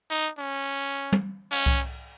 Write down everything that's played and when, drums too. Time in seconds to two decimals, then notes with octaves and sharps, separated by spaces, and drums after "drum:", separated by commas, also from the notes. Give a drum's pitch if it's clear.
0.10 D#4
0.39 C#4
1.12 drum: tom
1.51 C#4, drum: cymbal
1.66 drum: kick C2